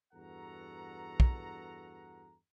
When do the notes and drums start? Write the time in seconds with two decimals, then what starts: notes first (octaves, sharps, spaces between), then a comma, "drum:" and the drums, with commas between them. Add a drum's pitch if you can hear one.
0.14 E2 G2 F#4 A4 F#5 A#5
1.20 drum: kick